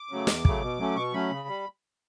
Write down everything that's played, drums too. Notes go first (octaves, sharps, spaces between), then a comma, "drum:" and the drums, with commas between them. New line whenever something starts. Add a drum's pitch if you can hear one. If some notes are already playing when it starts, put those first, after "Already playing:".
Already playing: D6
C#3 F#3 A3
E2, drum: snare
C#3 F#3 A3, drum: kick
B2
F#3 A3 C#4
B2 C#6
F#3 A3 C#4 B5
C#3
G3